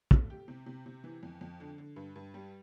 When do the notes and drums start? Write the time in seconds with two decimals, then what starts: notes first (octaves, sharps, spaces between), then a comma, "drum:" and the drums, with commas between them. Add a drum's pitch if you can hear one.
0.11 A3, drum: kick
0.30 G4
0.48 C3
0.66 C3
0.86 C3
1.04 E3
1.23 F2
1.41 F2
1.60 D3
1.78 D3
1.96 G2
2.16 G2
2.34 G3